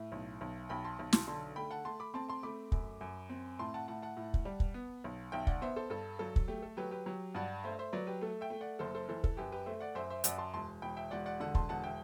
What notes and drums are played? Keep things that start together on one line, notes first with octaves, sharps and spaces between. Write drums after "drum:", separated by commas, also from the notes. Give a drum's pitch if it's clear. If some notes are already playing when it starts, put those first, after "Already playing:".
Already playing: A2 E5
B1
B1
B1 G5 B5
A5 C6
B1
A5 C6, drum: snare
D3 A5 C6
A3 G5 B5
F#5 A5
A3 A5 C6
B5 D6
C4 A5 C6
A5 C6
A3 B5 D6
F#2, drum: kick
F#2
C4
A2 A5 C6
F#5 A5
A2 F#5 A5
F#5 A5
A2
drum: kick
G3
drum: kick
B3
B1
B1 E5 G5
D5 F#5, drum: kick
B3 C5 E5
A4 C5
G2 A4
F#3 A4
drum: kick
A3 G4
A4
F#3 G4 B4
G4 B4
F#3 G4
G2 D5 F#5
A3 C5 E5
C5 E5
F#3 B4 D5
G4 B4
A3 A4
E5 G5
A3
D5 F#5
F#1 A4 C5
A4 C5
E3 A4 C5
A4, drum: kick
F#2 G4 B4
G4 B4
A3 C5 E5
D5 F#5
F#2 C5 E5
C5 E5
F#2 D5 F#5, drum: hi-hat
A5 C6
E1 A5 C6
E1 G5 B5
E5 G5
E1 D5 F#5
D5 F#5
D3 F#5 A5
A5 C6, drum: kick
E1 F#5 A5
E5 G5